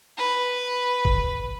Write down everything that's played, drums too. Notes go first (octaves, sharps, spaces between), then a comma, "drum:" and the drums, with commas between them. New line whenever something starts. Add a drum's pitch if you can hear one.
B4
drum: kick